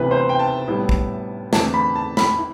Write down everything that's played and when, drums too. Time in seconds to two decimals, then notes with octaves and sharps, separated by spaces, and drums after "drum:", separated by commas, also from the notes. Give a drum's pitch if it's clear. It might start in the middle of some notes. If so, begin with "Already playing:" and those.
Already playing: D2 C3 E3 B3 E4 B4
0.11 C5
0.29 G5
0.39 A5
0.67 A2 G3 B3 E4
0.89 drum: kick
1.53 E2 D3 A3 C4 A5, drum: snare
1.74 B5
1.96 A5
2.17 B5, drum: snare
2.38 E4